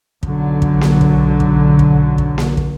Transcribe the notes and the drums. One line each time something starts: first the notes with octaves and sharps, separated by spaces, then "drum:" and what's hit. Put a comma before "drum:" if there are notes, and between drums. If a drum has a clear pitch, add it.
B1 D3 F#3, drum: kick
drum: kick
drum: snare A#3
drum: kick
drum: kick
drum: kick
drum: kick
drum: snare A#3
drum: kick